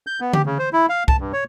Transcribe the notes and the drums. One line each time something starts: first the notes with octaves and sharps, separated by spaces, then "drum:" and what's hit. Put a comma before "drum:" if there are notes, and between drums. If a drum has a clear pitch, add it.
G6
B3
G4, drum: tom D3
C#3
C5
E4
F5
A5, drum: kick C2
G2
C#5